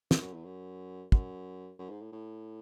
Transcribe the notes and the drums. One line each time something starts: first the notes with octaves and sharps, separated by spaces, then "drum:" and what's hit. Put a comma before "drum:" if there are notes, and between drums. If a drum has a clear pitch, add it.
F#2, drum: snare
F#2
E2
F#2
F#2, drum: kick
F#2
G#2
A2
A2